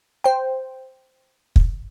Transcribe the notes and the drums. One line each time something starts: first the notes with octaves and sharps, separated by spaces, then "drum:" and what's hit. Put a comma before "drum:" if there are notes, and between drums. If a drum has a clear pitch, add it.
C5 G5
drum: kick